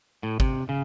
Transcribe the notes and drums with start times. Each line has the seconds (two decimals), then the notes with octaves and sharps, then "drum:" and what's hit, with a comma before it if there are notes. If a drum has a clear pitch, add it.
0.23 A2
0.40 C3, drum: kick
0.69 C#3